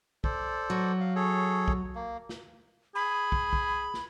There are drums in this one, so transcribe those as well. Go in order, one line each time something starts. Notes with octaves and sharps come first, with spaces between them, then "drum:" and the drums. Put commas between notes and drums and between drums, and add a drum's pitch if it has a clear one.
A4 C5 D5, drum: kick
F#3
F5
G#4 A4 C#5
drum: kick
A#3
drum: snare
G#4 B5
drum: kick
drum: kick
drum: snare